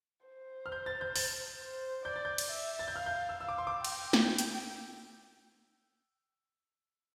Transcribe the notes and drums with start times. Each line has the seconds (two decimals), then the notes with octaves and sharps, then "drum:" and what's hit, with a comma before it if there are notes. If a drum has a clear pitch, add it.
0.26 C5
0.66 F6
0.72 G6
0.86 A6
1.01 G6
1.16 A6, drum: open hi-hat
1.61 C5
2.05 D5 G6
2.16 A6
2.25 G6
2.38 drum: cymbal
2.51 E5
2.79 A6
2.88 G6
2.96 F5 F6
3.06 G6
3.29 E6
3.40 F5 E6
3.48 D6
3.58 C6
3.67 D6
3.85 G5, drum: cymbal
4.13 drum: snare
4.38 drum: hi-hat